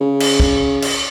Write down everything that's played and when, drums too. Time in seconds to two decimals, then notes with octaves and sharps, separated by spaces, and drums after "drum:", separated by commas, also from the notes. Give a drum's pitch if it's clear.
0.01 C#3
0.20 drum: cymbal
0.40 drum: kick
0.82 drum: cymbal